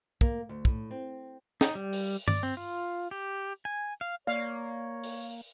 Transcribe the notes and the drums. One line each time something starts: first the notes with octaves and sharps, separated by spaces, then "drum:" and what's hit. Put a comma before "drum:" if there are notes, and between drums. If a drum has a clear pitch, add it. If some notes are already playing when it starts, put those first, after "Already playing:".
A#3, drum: kick
D2
A2, drum: kick
C4
D#4, drum: snare
G3
drum: open hi-hat
D5, drum: tom G2
C4
F4
G4
G#5
F5
A#3 C#5 D5 F5
drum: open hi-hat